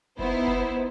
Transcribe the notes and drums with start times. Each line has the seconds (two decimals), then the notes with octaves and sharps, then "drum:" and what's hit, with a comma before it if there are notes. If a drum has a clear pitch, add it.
0.19 B3 D#4 E4 C5, drum: kick F1
0.47 drum: kick F1